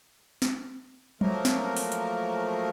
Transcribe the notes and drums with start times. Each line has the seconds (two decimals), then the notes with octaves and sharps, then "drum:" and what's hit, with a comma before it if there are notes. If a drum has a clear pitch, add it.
0.42 drum: snare
1.21 F3 F#3 A3 A#3 A#4, drum: tom F#3
1.45 drum: snare
1.77 drum: open hi-hat
1.92 drum: hi-hat